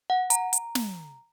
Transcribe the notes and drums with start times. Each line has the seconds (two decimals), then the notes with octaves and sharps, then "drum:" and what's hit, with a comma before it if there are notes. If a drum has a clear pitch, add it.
0.10 F#5
0.30 A#5, drum: hi-hat
0.53 drum: hi-hat
0.75 drum: snare